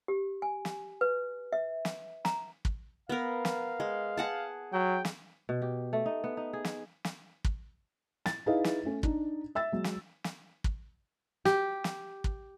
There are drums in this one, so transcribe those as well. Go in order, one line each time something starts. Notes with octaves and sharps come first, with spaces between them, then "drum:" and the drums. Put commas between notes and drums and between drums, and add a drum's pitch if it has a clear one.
G4
G#5
drum: snare
B4
E5
drum: snare
A#5, drum: snare
drum: kick
B3 A#4 F5
drum: snare
G#3
G#4 F#5 A5
F#3 G5
drum: snare
B2
G4
A3
D#4
B3
D#4
G#4
drum: snare
drum: snare
drum: kick
A6, drum: snare
D#4 E4 G#4 B4 D#5 F5
drum: snare
A3 C#4
D4 D#4, drum: kick
E5 E6 A6
F#3 G#3
drum: snare
drum: snare
drum: kick
G4, drum: snare
drum: snare
drum: kick